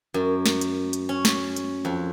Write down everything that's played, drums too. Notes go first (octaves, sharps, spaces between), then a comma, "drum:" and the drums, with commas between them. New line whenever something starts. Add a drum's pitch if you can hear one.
F#2
drum: snare
drum: hi-hat
drum: hi-hat
C#4
drum: snare
drum: hi-hat
F2